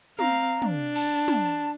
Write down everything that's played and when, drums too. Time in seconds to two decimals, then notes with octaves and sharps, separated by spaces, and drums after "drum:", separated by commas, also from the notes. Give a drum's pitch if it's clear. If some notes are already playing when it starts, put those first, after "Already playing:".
0.19 C4 F5 A#5, drum: tom
0.62 D4, drum: tom
0.96 A5, drum: cymbal
1.28 drum: tom